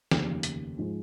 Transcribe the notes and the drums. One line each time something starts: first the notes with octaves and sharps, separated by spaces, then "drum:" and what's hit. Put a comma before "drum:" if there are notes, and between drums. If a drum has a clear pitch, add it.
F1 D#2 C#3, drum: snare
drum: hi-hat
G#2 F3 G#3